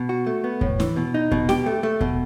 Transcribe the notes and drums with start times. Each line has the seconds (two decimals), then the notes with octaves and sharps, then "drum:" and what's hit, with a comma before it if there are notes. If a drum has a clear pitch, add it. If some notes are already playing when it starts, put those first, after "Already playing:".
Already playing: B2
0.09 F#4
0.26 A3
0.44 B3
0.61 A2, drum: kick E2
0.80 E3, drum: snare
0.96 B2
1.14 D#4
1.32 B2, drum: kick E2
1.49 G4, drum: snare
1.66 A3
1.83 A3
2.01 B2, drum: kick E2